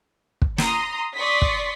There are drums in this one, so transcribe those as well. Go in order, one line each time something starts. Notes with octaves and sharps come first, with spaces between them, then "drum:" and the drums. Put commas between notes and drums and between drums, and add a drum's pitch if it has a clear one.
drum: kick
A#5 C6 D#6, drum: snare
D5 C6 C#6 D#6 B6
drum: kick